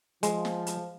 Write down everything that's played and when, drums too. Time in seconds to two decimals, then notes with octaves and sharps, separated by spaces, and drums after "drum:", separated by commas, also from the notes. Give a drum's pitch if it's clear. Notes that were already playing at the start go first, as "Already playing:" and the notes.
0.23 F3 G#3, drum: hi-hat
0.45 drum: snare
0.67 drum: hi-hat